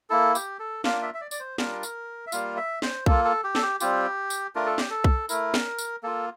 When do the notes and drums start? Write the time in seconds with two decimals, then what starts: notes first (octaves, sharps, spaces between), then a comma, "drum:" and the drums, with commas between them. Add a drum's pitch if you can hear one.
0.10 A#3 E4 A4
0.35 G4, drum: tambourine
0.59 A4
0.84 A#3 D4 F4 F5, drum: snare
1.02 E5
1.14 E5
1.21 D5
1.31 D5, drum: tambourine
1.40 C5
1.58 G3 D4 F4 A#4, drum: snare
1.83 drum: tambourine
2.27 E5
2.32 G3 A#3 F4 F5, drum: tambourine
2.57 E5
2.82 C5, drum: snare
3.06 A#3 F4 A4, drum: kick B1
3.25 A4
3.44 G4
3.55 A4, drum: snare
3.62 G4
3.80 G3 C4 F4 G4, drum: tambourine
4.30 drum: tambourine
4.55 A3 D4 F4 A#4
4.66 A4
4.78 G4, drum: snare
4.90 A4
5.04 drum: kick B1
5.29 A3 E4 A#4, drum: tambourine
5.54 drum: snare
5.79 drum: tambourine
6.03 A#3 F4 A4